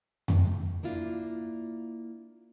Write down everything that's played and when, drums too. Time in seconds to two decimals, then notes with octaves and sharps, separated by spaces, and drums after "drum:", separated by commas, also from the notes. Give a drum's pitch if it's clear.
0.28 drum: tom F2
0.83 A#3 D4 E4 F4